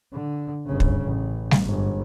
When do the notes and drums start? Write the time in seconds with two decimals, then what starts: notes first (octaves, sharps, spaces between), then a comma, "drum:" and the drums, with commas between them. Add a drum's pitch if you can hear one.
0.12 D3
0.66 G1 C#3
0.80 drum: kick
1.04 A1
1.51 drum: snare G3
1.62 G1 G#2